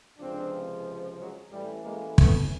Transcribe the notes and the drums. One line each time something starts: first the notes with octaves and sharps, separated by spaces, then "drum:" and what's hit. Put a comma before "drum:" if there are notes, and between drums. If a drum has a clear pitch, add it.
C#2 C3 F3 C4 D4
F#3 G#3
A1 A2 E3 G3
G#3 A#3
A3 B3, drum: kick